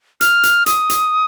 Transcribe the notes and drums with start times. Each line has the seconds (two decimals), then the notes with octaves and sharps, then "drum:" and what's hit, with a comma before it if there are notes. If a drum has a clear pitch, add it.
0.21 F6, drum: hi-hat
0.43 drum: hi-hat
0.66 D#6, drum: hi-hat
0.90 drum: hi-hat